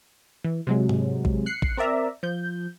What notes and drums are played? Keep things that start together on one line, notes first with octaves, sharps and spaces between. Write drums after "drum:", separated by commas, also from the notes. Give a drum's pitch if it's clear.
E3
C3 F#3 G#3
drum: tom G#2
drum: kick A1
F#6 C7 C#7
drum: kick A1
C4 A#4 D5 E5 A#5
F3 G6